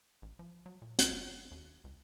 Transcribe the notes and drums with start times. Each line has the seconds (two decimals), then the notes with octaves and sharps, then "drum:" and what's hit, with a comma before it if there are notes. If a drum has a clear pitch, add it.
0.22 A1
0.39 F3
0.66 F#3
0.82 A#2
0.98 B1, drum: hi-hat
1.11 F#1
1.51 D#2
1.84 C#2